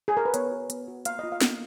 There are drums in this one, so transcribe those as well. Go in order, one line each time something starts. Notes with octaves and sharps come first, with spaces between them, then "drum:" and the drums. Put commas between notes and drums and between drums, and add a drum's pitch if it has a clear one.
G#4
A#4
B4
B3 C#5, drum: hi-hat
F#4
B3, drum: hi-hat
F#4
A#3 F5, drum: hi-hat
F4 D#5
F5
A#3, drum: snare